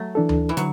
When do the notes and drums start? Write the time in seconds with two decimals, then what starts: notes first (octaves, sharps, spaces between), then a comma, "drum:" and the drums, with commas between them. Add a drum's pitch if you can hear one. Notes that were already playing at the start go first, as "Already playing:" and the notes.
Already playing: F#3 A3
0.15 E3 D4 A4
0.29 drum: tom D2
0.49 E3
0.57 D3 F#3, drum: hi-hat